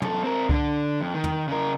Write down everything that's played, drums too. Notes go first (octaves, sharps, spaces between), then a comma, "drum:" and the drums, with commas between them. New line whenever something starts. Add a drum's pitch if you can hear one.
F#2 A4, drum: tom
C4 A#4
D3 D4, drum: kick C2
F2
D#3
drum: tom
C#3 A#4